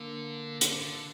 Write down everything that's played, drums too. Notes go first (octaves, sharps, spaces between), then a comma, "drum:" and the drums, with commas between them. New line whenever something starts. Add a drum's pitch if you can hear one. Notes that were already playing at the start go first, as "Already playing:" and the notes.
Already playing: D3 A#3
D3, drum: hi-hat
D3